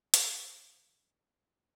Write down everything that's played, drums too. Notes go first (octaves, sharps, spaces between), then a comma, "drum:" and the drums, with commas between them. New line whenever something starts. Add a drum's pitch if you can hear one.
G#2, drum: hi-hat
F#2